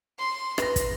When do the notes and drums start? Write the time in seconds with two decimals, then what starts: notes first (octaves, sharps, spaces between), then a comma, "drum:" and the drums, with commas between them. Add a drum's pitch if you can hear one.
0.19 C6
0.58 B4 A#6, drum: rim click
0.76 drum: kick, hi-hat